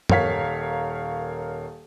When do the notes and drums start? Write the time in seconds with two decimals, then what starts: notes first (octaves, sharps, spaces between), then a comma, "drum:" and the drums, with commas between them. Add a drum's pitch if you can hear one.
0.09 D#1 A#4 C#5 F5 B6, drum: tom